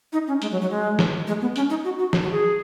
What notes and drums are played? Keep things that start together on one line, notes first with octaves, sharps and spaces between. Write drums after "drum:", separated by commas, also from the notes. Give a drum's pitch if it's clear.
D#4
C#4
G#3, drum: hi-hat
F#3
F#3
G#3
drum: snare
G#3
B3
C#4, drum: hi-hat
D#4
F#4
F#4
drum: snare
F#4
G#4